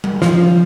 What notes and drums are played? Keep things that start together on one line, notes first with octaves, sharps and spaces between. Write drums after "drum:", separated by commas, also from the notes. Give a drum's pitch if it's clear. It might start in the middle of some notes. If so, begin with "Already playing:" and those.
drum: tom G3
F3, drum: snare